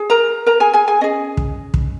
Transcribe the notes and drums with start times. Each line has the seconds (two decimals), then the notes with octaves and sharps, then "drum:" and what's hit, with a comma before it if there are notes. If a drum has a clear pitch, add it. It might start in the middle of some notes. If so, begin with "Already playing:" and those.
Already playing: G#4
0.10 A#4 A#5
0.46 A#4 A#5
0.60 G#4 G#5
0.73 G#4 G#5
0.88 G#4 G#5
1.01 C#4 G#4 D#5
1.37 drum: kick
1.74 drum: kick